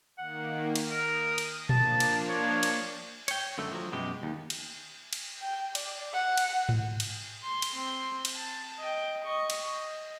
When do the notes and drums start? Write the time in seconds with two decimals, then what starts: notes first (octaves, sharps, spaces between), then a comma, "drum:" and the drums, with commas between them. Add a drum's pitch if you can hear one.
0.18 D#3 A#3 F#5
0.76 drum: cymbal
0.91 A#4 D#6
1.38 drum: cymbal
1.69 F3 A#3 D4 A5, drum: tom A#2
2.00 drum: cymbal
2.29 C#5
2.63 drum: cymbal
3.28 C#5 G5, drum: cymbal
3.58 F#2 D3 A3
3.72 F3 F#3
3.92 F#2 B2 G#3 G4
4.23 D#2
4.50 drum: cymbal
5.13 drum: cymbal
5.42 G5
5.75 D5, drum: cymbal
6.13 F#5
6.37 drum: cymbal
6.69 drum: tom G#2
7.00 drum: cymbal
7.43 C6
7.62 drum: cymbal
7.73 C4 C6
8.25 drum: cymbal
8.36 A5
8.78 D#5 G5
9.24 D#5 C#6
9.50 drum: cymbal
9.70 D#5